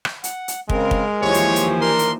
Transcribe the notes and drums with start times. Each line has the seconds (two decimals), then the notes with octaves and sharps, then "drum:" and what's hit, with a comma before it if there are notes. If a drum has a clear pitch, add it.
0.05 drum: rim click
0.24 F#5, drum: hi-hat
0.48 drum: hi-hat
0.70 C#3 G#3 C4 A#4, drum: kick
0.91 drum: kick
1.21 D#2 E3 F3 G4 C5 C#5 G#5
1.34 drum: hi-hat
1.56 drum: hi-hat
1.81 D4 A#4 A#5 C6
1.99 drum: hi-hat